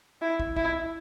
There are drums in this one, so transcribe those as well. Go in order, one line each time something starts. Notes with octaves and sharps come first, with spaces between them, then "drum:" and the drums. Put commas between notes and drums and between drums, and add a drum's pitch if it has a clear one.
E4
drum: kick
E4, drum: kick